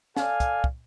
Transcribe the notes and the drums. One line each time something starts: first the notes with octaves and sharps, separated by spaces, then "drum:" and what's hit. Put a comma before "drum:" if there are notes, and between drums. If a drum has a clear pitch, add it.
A4 D5 F5 G#5, drum: snare
drum: kick, hi-hat
drum: kick